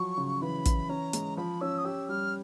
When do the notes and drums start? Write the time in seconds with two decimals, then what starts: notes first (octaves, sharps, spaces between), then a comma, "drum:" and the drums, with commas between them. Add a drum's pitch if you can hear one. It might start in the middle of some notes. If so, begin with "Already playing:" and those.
Already playing: F3 F#3 C#6
0.18 C#3
0.42 E3 B5
0.66 E3, drum: kick, hi-hat
0.89 C#4 A#5
1.13 G#3, drum: hi-hat
1.37 F3 B5
1.61 C#4 E6
1.78 D#6
1.85 G4 E6
2.09 G3 F6